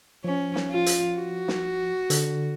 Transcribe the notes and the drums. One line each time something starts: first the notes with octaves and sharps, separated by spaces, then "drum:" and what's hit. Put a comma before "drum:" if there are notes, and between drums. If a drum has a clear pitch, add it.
F3 C#4
drum: snare
F4
drum: hi-hat
F#4
drum: snare
D3, drum: hi-hat